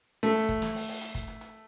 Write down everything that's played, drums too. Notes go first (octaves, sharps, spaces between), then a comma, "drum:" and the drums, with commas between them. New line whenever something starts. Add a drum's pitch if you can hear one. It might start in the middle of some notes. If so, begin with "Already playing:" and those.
A3, drum: hi-hat
drum: hi-hat
drum: kick, hi-hat
drum: snare
drum: open hi-hat
drum: open hi-hat
drum: hi-hat
drum: kick, hi-hat
drum: hi-hat
drum: hi-hat